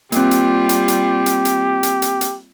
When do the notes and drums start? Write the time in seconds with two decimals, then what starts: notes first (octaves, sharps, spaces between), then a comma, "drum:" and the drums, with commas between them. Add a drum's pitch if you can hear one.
0.12 G3 A#3 C4 F4 G4, drum: hi-hat
0.31 drum: hi-hat
0.69 drum: hi-hat
0.88 drum: hi-hat
1.26 drum: hi-hat
1.45 drum: hi-hat
1.83 drum: hi-hat
2.02 drum: hi-hat
2.21 drum: hi-hat